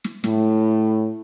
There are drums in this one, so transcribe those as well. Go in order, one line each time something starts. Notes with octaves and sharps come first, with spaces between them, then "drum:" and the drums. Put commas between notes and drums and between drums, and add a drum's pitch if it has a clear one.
drum: snare
A2, drum: snare